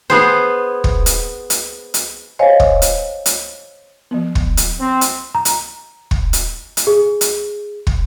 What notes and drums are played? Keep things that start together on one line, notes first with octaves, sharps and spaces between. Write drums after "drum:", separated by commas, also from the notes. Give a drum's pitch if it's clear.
B3 G#4 C5
drum: kick
drum: hi-hat
drum: hi-hat
drum: hi-hat
C5 C#5 D#5 F5 G#5
drum: kick
drum: hi-hat
drum: hi-hat
F3 B3
drum: kick
drum: hi-hat
C4
drum: hi-hat
A#5
drum: hi-hat
drum: kick
drum: hi-hat
drum: hi-hat
G#4
drum: hi-hat
drum: kick